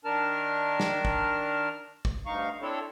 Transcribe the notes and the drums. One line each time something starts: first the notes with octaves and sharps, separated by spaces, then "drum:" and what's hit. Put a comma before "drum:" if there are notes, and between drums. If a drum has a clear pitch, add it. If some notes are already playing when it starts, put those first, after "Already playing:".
D#3 D4 A#4 A5 F6
drum: snare
drum: kick
drum: kick
D2 G2 D#4 F5 C#6
C4 D4 E4 A4 C#5